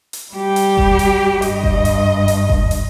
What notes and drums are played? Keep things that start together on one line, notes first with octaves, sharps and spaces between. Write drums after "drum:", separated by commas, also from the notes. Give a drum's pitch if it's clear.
drum: hi-hat
G3 G4
drum: hi-hat
drum: kick F#1
drum: hi-hat
G2 D#5, drum: hi-hat
drum: kick F#1
drum: hi-hat
drum: hi-hat
drum: kick F#1
drum: hi-hat